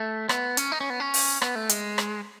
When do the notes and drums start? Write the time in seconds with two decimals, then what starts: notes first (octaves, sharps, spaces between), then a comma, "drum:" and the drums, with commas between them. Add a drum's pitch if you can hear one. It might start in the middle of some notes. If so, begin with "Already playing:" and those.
Already playing: A3
0.29 B3, drum: rim click
0.57 C#4, drum: hi-hat
0.72 D#4
0.80 C#4
0.90 B3
1.00 C#4
1.14 drum: open hi-hat
1.42 B3, drum: rim click
1.55 A3
1.69 G#3, drum: hi-hat
1.98 drum: rim click